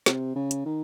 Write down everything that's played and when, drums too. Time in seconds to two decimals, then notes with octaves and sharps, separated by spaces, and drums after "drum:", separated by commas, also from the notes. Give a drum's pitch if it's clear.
0.06 C3, drum: snare
0.36 C#3
0.51 drum: hi-hat
0.66 D#3